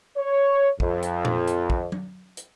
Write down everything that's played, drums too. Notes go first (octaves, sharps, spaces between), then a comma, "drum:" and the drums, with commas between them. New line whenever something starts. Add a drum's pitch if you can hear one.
C#5
F2, drum: kick
drum: hi-hat
drum: tom A#2
drum: hi-hat
drum: kick
drum: tom F#3
drum: hi-hat